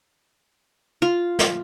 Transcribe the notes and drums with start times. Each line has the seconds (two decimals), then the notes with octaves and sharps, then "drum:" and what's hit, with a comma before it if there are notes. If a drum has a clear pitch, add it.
1.02 F4
1.39 drum: snare